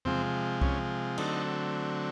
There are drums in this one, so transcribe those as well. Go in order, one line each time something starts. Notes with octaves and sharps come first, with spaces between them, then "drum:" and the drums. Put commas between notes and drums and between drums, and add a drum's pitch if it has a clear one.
C3 F3 G#3 C4, drum: tom E2
C#4, drum: kick C2
D3 F#3 A3 C4 D#4, drum: cymbal